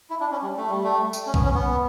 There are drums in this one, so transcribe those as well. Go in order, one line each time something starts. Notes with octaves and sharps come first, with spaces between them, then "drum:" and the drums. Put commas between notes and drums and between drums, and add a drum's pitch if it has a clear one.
E4
D4
C#4
G3
A3
G3
A3
drum: tambourine
C#4
B3, drum: kick B1
C#4
B3